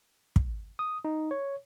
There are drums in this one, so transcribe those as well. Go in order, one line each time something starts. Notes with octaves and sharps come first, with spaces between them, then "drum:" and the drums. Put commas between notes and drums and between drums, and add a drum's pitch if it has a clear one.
drum: kick
D#6
D#4
C#5